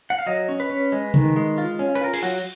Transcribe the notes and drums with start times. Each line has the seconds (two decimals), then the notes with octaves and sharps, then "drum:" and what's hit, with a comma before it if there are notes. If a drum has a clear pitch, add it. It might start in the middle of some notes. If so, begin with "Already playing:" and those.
0.10 F#5
0.19 F5
0.26 F#3 D#5
0.49 C#4
0.60 B4
0.70 C#4
0.92 G#3
1.14 D#3, drum: tom C3
1.36 G#3
1.58 F4
1.79 C#4
1.95 B4, drum: hi-hat
2.01 F4 A#4
2.14 G#4, drum: cymbal
2.22 F#3 F#4